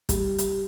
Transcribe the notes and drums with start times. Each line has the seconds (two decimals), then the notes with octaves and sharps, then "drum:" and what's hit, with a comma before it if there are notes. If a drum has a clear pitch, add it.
0.09 G3, drum: kick, hi-hat
0.38 drum: hi-hat